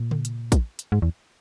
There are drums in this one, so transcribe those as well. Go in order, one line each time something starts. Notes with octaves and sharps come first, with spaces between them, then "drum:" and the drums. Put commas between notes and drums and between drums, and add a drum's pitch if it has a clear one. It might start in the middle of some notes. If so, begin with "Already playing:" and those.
Already playing: A#2
drum: tom C#3
drum: hi-hat
drum: kick, hi-hat
drum: hi-hat
G#2
E2